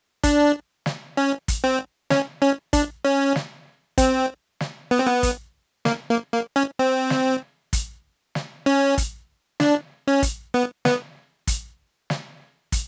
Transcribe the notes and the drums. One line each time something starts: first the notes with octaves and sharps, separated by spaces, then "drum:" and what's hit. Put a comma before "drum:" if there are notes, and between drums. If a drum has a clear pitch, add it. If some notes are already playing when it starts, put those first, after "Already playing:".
D4, drum: kick, hi-hat
drum: snare
C#4
drum: kick, hi-hat
C4
C#4, drum: snare
C#4
D4, drum: kick, hi-hat
C#4
drum: snare
C4, drum: kick, hi-hat
drum: snare
B3
C4
B3
drum: kick, hi-hat
A#3, drum: snare
A#3
A#3
C#4
C4
drum: snare
drum: kick, hi-hat
drum: snare
C#4
drum: kick, hi-hat
D4, drum: snare
C#4
drum: kick, hi-hat
B3
B3, drum: snare
drum: kick, hi-hat
drum: snare
drum: kick, hi-hat